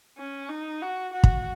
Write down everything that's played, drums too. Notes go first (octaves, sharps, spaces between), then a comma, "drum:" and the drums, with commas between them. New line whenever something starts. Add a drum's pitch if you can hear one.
C#4
D#4
F#4
F#4
drum: kick